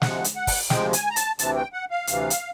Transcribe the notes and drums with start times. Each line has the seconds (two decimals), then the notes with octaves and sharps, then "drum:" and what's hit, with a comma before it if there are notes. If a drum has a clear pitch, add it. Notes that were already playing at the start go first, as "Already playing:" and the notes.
0.02 D2 C3 F3 G#3 F#5, drum: snare
0.24 drum: hi-hat
0.36 F#5
0.47 drum: kick, open hi-hat
0.70 D2 C3 F3 G#3 G5, drum: snare
0.93 G#5, drum: hi-hat
1.10 A#5
1.16 A5, drum: hi-hat
1.39 D2 C3 E3 A5, drum: hi-hat
1.56 G5
1.73 F#5
1.91 F5
2.07 D2 C3 E3, drum: hi-hat
2.30 drum: hi-hat